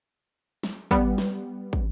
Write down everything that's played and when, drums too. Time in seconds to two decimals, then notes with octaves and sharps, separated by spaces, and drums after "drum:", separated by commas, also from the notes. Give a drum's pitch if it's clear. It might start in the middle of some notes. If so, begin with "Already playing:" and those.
0.63 drum: snare
0.91 G3 B3, drum: kick
1.18 drum: snare
1.73 drum: kick